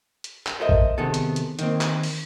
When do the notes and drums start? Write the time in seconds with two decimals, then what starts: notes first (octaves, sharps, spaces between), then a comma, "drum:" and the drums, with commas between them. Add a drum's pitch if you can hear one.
0.24 drum: hi-hat
0.47 drum: clap
0.60 A4 A#4 C5 D#5 E5
0.69 drum: kick
0.98 C3 D#3 B3 G#4 A4
1.14 drum: hi-hat
1.36 drum: hi-hat
1.59 D#3 A#3 C4, drum: hi-hat
1.81 drum: clap
2.03 drum: open hi-hat